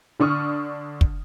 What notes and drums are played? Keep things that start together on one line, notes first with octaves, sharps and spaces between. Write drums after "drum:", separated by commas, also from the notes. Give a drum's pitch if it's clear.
D3 D4 C#6 D#6 F6
drum: kick